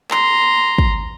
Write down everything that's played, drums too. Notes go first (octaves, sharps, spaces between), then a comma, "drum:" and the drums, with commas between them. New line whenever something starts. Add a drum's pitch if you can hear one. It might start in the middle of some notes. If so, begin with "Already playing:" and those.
A#5 C6, drum: clap
drum: kick